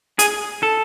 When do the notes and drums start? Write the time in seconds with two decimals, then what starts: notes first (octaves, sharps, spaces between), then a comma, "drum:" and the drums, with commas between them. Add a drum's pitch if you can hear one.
0.19 G#4, drum: hi-hat
0.63 A4